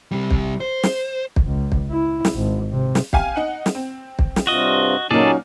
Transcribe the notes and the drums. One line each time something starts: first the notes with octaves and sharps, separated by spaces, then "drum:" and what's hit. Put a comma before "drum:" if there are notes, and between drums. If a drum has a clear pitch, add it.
C3 G3
drum: kick
C5
drum: snare
drum: kick
C#2
drum: kick
E4
drum: snare
G#1
C3
drum: snare
G4 F5 G#5, drum: kick
D#4 F#5
drum: snare
C4
drum: kick
drum: snare
G2 C3 F4 F#4 D#5
A#2 F#3 A#3 C#4 D#4 G#4 A4 D5